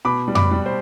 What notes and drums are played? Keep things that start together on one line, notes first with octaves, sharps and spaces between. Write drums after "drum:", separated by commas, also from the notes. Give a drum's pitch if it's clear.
B2 B5 D6
G3
B5 D6, drum: tom F2
G3
C5